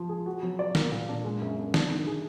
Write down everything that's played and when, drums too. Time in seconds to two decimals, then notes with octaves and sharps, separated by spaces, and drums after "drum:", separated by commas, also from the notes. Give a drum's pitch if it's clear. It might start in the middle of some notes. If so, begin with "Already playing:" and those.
Already playing: F3 F4
0.09 G#4
0.26 F#4
0.43 F#3
0.59 D5
0.75 A#3, drum: snare
0.92 A#2
1.09 D4
1.24 G#3
1.42 F#2
1.58 D4
1.74 D4, drum: snare
1.90 D#3
2.07 G#4